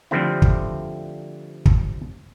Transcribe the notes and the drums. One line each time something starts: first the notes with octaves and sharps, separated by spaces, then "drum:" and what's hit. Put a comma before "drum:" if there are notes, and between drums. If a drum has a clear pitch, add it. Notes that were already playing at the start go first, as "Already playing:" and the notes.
D3 F3 G3 A3 C4 E4
drum: kick
drum: kick